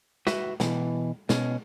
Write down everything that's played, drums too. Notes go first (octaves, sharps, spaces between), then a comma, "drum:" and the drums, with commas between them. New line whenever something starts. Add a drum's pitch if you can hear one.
F#4 B4 E5, drum: snare
B2 E3, drum: snare
B2 C#4, drum: snare